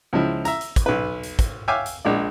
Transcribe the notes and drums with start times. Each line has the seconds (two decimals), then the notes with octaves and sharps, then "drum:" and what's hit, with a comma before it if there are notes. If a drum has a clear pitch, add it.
0.13 C#2 F3 D#4 E4
0.45 E5 A#5, drum: hi-hat
0.61 drum: hi-hat
0.76 drum: kick, hi-hat
0.86 B1 B4
1.23 drum: hi-hat
1.39 drum: kick, hi-hat
1.68 C#5 E5 F5 G5 G#5 D6
1.86 drum: hi-hat
2.05 A#1 G#3 D5